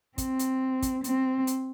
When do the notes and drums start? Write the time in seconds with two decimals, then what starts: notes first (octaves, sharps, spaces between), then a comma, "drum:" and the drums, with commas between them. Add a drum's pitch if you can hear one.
0.18 C4, drum: kick, hi-hat
0.39 drum: hi-hat
0.82 drum: kick, hi-hat
1.04 C4, drum: hi-hat
1.47 drum: hi-hat